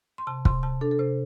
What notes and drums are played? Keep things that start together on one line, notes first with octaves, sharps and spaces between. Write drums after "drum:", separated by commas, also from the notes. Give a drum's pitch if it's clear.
C6
C3 A5
C3 C6, drum: kick
C3 A5
D4 A4
A4
C3 C5